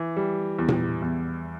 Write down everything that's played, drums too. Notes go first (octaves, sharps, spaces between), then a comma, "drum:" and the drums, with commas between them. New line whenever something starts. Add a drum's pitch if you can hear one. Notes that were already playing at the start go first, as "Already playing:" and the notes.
Already playing: E3
G3
E2
drum: tom A#2
E2